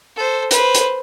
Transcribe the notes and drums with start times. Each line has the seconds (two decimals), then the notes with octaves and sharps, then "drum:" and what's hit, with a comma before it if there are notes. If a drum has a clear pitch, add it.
0.16 A4 C5
0.51 B4 C5, drum: hi-hat
0.74 drum: hi-hat